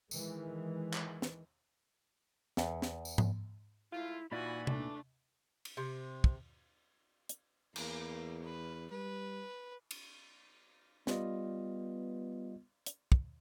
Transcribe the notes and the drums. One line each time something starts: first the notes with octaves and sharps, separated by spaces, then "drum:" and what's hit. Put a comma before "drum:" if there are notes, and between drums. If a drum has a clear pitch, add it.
D#3 E3 G#3, drum: tambourine
drum: clap
drum: snare
E2, drum: snare
drum: snare
drum: tambourine
drum: tom G#2
G#2 A3 E4 F4
A#2 E3 D#4 F4 F#4 D5 G#5 B5
A3 D4 D6, drum: tom C3
drum: cymbal
C3
drum: kick
drum: hi-hat
E2 A#3, drum: cymbal
B4
G3 B4
drum: cymbal
G3 B3 F4 D#5, drum: snare
drum: hi-hat
drum: kick